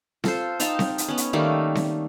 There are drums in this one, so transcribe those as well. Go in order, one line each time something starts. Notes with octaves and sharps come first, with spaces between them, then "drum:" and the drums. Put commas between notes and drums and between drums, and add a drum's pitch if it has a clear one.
F4 A4 C5, drum: snare C4
D#4 F5 G5 A5, drum: hi-hat
drum: snare C4
drum: hi-hat
B3 C#4
drum: hi-hat
D#3 G3 A3 A#3
drum: snare C4